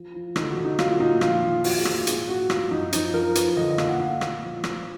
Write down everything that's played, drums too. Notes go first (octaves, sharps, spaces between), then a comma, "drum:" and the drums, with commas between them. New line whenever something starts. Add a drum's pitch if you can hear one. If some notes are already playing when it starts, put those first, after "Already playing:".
Already playing: F3
F3
D3 D#4, drum: rim click
F#4
D3
D#4
F#3 F4, drum: rim click
A#2 D#4
F2 F4, drum: rim click
D#3
F3 F#4, drum: open hi-hat
G#4
A#2, drum: rim click
F4
G#2 G#4, drum: hi-hat
F#3 F#4
F#3 F4, drum: rim click
F#2 D#4
F3 D#4, drum: hi-hat
F3 A#4
F2 B4, drum: hi-hat
D3 D#5
D#5
A#2 F5, drum: rim click
F#5
A#2 F5
F5
A#2, drum: rim click
F3
F3, drum: rim click